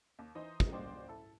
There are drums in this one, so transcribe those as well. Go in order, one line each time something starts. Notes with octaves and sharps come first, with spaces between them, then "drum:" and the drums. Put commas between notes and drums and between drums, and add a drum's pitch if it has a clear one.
D#2
E3 D#4 C5 D#5
drum: kick
F#1 C5 D5 D#5 G5
E4 A4